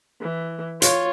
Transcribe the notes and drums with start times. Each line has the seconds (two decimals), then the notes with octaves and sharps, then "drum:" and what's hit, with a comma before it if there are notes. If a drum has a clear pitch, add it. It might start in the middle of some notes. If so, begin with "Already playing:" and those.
0.22 E3
0.82 F4 C#5, drum: hi-hat